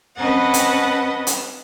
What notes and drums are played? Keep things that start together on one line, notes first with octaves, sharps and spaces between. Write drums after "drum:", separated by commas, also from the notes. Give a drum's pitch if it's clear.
C4 C#4 B4 D#5 F#5 A5
drum: hi-hat
drum: hi-hat